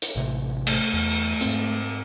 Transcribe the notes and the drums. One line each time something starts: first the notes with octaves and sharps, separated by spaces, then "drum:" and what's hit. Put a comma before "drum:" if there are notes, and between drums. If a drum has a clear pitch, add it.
drum: hi-hat
A1 A2 C3
A3, drum: cymbal
E2
G#2 C4, drum: hi-hat